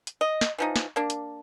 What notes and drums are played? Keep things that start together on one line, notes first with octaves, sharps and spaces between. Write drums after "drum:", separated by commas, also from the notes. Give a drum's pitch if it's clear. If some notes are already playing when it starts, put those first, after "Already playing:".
drum: hi-hat
D#5
drum: snare
E3 F3 D#4
drum: snare
A#3 D4
drum: hi-hat